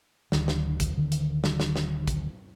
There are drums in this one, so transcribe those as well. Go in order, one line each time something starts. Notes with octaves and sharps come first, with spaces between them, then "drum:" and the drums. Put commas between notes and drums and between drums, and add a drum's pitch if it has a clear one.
D1 D2 D3 D#3, drum: snare
drum: snare
drum: kick, hi-hat
D1 D3 D#3
drum: hi-hat
drum: snare
drum: snare
drum: snare
drum: kick, hi-hat